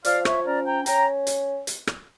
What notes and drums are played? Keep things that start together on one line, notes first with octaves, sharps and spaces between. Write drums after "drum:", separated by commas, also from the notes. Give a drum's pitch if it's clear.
F3 D5 F5, drum: hi-hat
C#5 E5, drum: rim click
C#4 A#4 D5
G5 A#5
C#4 G5 A#5, drum: hi-hat
drum: hi-hat
drum: hi-hat
drum: rim click